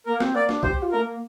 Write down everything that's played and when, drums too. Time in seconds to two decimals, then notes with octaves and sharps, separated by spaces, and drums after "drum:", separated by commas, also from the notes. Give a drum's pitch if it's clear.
0.06 A#3 A#4
0.20 C4, drum: snare
0.35 A#3 D5
0.49 D4, drum: snare
0.63 G4 C5, drum: kick
0.82 F4
0.92 A3 A#4
1.01 A#3